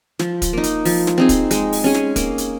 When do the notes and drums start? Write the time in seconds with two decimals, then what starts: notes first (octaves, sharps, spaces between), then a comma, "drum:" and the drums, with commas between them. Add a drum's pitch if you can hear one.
0.19 F3, drum: snare
0.42 drum: kick, hi-hat
0.53 A#3 D#4
0.63 drum: hi-hat
0.85 F3, drum: open hi-hat
1.07 drum: snare
1.18 C4 D#4 G#4
1.29 drum: kick, hi-hat
1.51 G#3, drum: hi-hat
1.73 drum: open hi-hat
1.84 C#4 G#4
1.94 drum: snare
2.16 A#3, drum: kick, hi-hat
2.38 drum: hi-hat